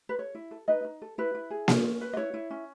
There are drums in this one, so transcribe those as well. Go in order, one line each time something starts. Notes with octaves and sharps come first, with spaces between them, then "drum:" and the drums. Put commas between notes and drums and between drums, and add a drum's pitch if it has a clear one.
B4
A4 C#5
E4
A4
D#4 B4 D#5
D#4
A4
E4 B4
E4
G#4
C#4, drum: snare A#3
C#4
B4
D#5
E4 C#5
E4
C#4